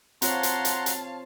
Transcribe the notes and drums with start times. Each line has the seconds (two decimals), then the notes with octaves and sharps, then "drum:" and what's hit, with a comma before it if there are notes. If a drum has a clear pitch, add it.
0.22 C4 F4 C#5 F5 F#5 A5 A#5 C6, drum: hi-hat
0.43 drum: hi-hat
0.65 drum: hi-hat
0.86 drum: hi-hat